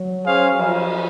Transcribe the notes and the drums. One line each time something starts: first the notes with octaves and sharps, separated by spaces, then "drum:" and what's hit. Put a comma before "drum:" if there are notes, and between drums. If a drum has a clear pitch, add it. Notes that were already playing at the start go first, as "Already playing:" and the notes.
Already playing: F#3
C#4 G#4 C5 F5
F3, drum: cymbal